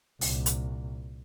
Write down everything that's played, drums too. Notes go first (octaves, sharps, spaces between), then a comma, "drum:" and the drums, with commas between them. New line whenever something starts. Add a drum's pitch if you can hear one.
C2 A#2, drum: open hi-hat
drum: hi-hat